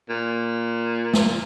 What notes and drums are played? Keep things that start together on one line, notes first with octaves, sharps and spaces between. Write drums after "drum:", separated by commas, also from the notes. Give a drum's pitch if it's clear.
A#2
drum: snare